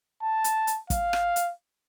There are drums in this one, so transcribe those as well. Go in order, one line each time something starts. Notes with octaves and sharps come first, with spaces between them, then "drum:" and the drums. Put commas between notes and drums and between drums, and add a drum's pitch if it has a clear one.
A5
drum: hi-hat
drum: hi-hat
F5, drum: kick, hi-hat
drum: rim click
drum: hi-hat